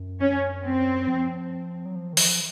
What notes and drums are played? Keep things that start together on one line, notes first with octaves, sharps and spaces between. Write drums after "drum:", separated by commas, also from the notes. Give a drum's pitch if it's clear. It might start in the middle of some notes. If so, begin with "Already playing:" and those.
Already playing: F#2
C#4
C4
F3
F#3
F3
D#3
F3, drum: open hi-hat